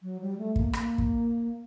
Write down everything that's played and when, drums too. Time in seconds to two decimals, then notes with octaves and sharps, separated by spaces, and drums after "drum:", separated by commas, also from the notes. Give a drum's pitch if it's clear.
0.03 F#3
0.21 G3
0.38 A3
0.56 A#3, drum: kick
0.73 A#3, drum: rim click
0.98 drum: kick